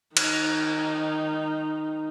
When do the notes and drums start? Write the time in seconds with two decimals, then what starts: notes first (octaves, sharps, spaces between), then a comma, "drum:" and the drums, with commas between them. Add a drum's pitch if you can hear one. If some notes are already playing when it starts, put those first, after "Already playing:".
0.17 D#3 D#4, drum: cymbal